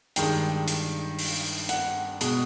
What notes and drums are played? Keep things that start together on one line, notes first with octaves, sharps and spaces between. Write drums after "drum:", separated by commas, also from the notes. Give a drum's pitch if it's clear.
G2 D#3 G#3 G5, drum: hi-hat
drum: hi-hat
drum: open hi-hat
F#5, drum: hi-hat
B2 G#3, drum: hi-hat